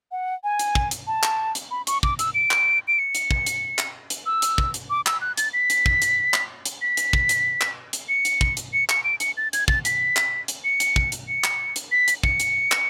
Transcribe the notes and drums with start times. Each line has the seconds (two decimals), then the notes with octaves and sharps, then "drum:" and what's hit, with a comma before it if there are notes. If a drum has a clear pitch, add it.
0.12 F#5
0.44 G#5
0.59 drum: hi-hat
0.75 drum: kick
0.91 drum: hi-hat
1.07 A5
1.23 drum: clap
1.55 drum: hi-hat
1.71 B5
1.87 C#6, drum: hi-hat
2.03 D6, drum: kick
2.19 E6, drum: hi-hat
2.34 D7
2.51 drum: clap
2.88 D7
2.99 C#7
3.15 drum: hi-hat
3.31 drum: kick
3.47 drum: hi-hat
3.78 drum: clap
4.10 drum: hi-hat
4.26 E6
4.42 drum: hi-hat
4.58 drum: kick
4.74 drum: hi-hat
4.90 D6
5.06 E6, drum: clap
5.21 F#6
5.37 A6, drum: hi-hat
5.53 B6
5.70 drum: hi-hat
5.86 drum: kick
6.02 drum: hi-hat
6.34 drum: clap
6.65 drum: hi-hat
6.82 B6
6.97 drum: hi-hat
7.13 drum: kick
7.29 drum: hi-hat
7.61 drum: clap
7.93 drum: hi-hat
8.09 C#7
8.25 drum: hi-hat
8.41 drum: kick
8.57 drum: hi-hat
8.73 C#7
8.89 C#7, drum: clap
9.04 D7
9.20 C#7, drum: hi-hat
9.37 A6
9.53 G#6, drum: hi-hat
9.68 A6, drum: kick
9.85 B6, drum: hi-hat
10.16 drum: clap
10.48 drum: hi-hat
10.64 C#7
10.80 drum: hi-hat
10.96 drum: kick
11.12 drum: hi-hat
11.28 C#7
11.44 drum: clap
11.76 drum: hi-hat
11.92 B6
12.08 drum: hi-hat
12.23 C#7, drum: kick
12.40 drum: hi-hat
12.72 drum: clap